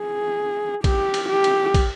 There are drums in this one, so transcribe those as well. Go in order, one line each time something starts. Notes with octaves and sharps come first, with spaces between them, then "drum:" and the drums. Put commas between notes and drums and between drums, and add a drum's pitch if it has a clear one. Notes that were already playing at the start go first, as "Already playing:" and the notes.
Already playing: G#4
G4, drum: kick, cymbal
drum: cymbal
G4
drum: cymbal
drum: kick, cymbal